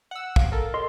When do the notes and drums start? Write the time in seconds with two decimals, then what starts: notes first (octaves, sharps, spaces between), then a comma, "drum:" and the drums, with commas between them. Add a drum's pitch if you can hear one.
0.11 F#5 E6
0.36 F5, drum: kick
0.52 A4 A#4
0.74 D#5 C6